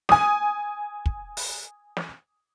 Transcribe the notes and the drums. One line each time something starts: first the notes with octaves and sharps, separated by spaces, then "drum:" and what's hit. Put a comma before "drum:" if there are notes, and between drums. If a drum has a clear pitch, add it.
G#5 D#6, drum: snare
drum: kick
drum: open hi-hat
drum: snare